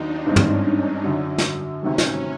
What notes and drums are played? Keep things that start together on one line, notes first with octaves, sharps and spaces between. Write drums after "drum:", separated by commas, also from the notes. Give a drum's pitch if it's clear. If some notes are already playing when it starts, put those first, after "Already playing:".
Already playing: D#2 D#3 F#3 B3 D4 D#4
G2 E3 G#3 C4 C#4
drum: tom
F#2 D3 F#3
drum: snare
D2 C3 D#3 F#3 C#4
drum: snare